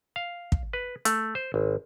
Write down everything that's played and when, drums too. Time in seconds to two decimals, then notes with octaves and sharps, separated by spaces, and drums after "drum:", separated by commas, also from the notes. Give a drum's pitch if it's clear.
0.16 F5
0.52 drum: kick
0.73 B4
1.05 A3, drum: hi-hat
1.35 C5
1.54 G#1